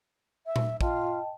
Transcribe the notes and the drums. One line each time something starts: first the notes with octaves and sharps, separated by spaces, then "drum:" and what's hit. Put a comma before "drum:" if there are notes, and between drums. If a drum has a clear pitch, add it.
E5
drum: tom A#2
F4 D#5 G5 A5, drum: kick